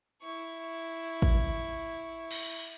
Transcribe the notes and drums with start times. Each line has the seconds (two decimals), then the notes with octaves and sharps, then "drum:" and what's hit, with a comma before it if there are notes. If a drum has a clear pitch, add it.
0.22 E4 C#6
1.22 drum: kick
2.31 drum: cymbal